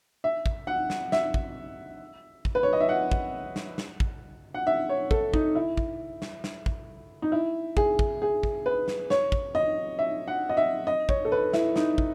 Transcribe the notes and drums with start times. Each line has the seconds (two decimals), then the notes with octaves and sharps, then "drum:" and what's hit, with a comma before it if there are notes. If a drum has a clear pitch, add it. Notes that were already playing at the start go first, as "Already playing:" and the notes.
0.24 E5
0.46 drum: kick
0.67 F#5
0.90 drum: snare
1.12 E5, drum: snare
1.34 drum: kick
2.45 drum: kick
2.55 B4
2.63 C#5
2.73 D#5
2.80 E5
2.89 F#5
3.12 drum: kick
3.56 drum: snare
3.78 drum: snare
4.00 drum: kick
4.54 F#5
4.67 E5
4.89 C#5
5.11 A4, drum: kick
5.34 D#4, drum: kick
5.55 E4
5.77 drum: kick
6.22 drum: snare
6.44 drum: snare
6.66 drum: kick
7.22 D#4
7.32 E4
7.77 G#4, drum: kick
7.99 drum: kick
8.22 G#4
8.43 drum: kick
8.66 B4
8.88 drum: snare
9.10 C#5, drum: snare
9.32 drum: kick
9.55 D#5
9.99 E5
10.28 F#5
10.49 D#5
10.57 E5
10.87 D#5
11.09 C#5, drum: kick
11.25 A4
11.32 B4
11.53 E4, drum: snare
11.76 D#4, drum: snare
11.98 drum: kick